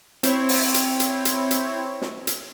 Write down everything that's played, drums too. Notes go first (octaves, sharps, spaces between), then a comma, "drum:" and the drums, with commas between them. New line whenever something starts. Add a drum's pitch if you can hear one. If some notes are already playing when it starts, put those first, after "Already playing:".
C4 E4 C#5, drum: hi-hat
drum: open hi-hat
drum: hi-hat
drum: hi-hat
drum: hi-hat
drum: hi-hat
drum: snare
drum: hi-hat